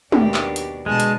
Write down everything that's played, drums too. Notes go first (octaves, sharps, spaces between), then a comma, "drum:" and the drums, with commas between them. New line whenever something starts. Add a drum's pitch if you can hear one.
D#2 B2 D4 G4, drum: tom
drum: clap
drum: hi-hat
B2 D3 G#3 G#5 A5
drum: hi-hat